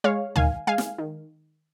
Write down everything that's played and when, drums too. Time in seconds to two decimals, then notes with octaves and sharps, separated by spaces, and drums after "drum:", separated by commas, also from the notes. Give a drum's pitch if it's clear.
0.04 G#3 C#5 F5
0.36 D#3 F5 G#5, drum: tom
0.67 G#3 F5 G#5
0.78 drum: snare
0.98 D#3